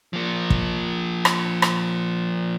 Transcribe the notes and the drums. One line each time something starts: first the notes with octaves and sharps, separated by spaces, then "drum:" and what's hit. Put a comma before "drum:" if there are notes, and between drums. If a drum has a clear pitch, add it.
F3 A#3
drum: kick
drum: rim click
drum: rim click